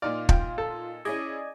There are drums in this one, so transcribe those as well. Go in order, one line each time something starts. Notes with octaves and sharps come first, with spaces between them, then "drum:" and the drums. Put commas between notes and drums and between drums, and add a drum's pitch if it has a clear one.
A#2 D#4 F4 D5 F6
F4 G5, drum: kick
A4
C#4 E4 G#4 D5 D#5 G#5